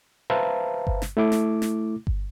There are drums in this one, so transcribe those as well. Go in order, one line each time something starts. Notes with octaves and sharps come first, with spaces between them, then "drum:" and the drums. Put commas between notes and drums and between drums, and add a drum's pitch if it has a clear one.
B4 C5 E5 F5 A5 A#5
drum: kick G1
drum: snare
A3 E4 D6
drum: snare
drum: snare
drum: kick G1